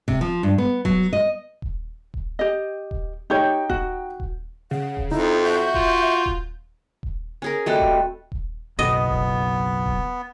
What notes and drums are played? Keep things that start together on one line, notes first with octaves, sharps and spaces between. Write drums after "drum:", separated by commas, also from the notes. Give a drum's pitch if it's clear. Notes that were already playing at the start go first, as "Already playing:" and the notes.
C3, drum: kick D#1
F3
G2
B3
F#3, drum: kick D#1
D#5
drum: kick D#1
drum: kick D#1
G4 D#5
drum: kick D#1
D#4 G4 C#5 G5 G6
F#4, drum: kick D#1
drum: kick D#1
C#3 F#5
drum: kick D#1
F2 D#4 E4
F#4 E5 G6
F4, drum: kick D#1
drum: kick D#1
drum: kick D#1
C#4 G#4 A#4
G3 A3 C4 F#4 A4 D#5
drum: kick D#1
drum: kick D#1
F#1 B1 B2 B3 D#5
drum: kick D#1
drum: kick D#1